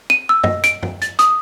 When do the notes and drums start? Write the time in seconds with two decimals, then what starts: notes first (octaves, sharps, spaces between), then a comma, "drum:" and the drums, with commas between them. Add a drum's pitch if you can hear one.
0.10 D#7
0.29 E6
0.44 D#5, drum: tom F#2
0.64 D7, drum: hi-hat
0.83 drum: tom F#2
1.02 A6, drum: hi-hat
1.19 D#6, drum: hi-hat